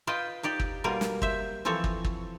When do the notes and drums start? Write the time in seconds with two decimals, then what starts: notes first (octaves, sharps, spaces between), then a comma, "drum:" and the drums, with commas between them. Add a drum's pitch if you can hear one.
0.07 F4 B4 D#5 G5
0.43 D#4 G4 D5
0.60 drum: kick
0.84 B2 G3 A#3 F4 A#4
1.01 drum: snare
1.22 C5 E5, drum: kick
1.65 E3 F3 C4 A4 C#5
1.84 drum: kick
2.04 drum: kick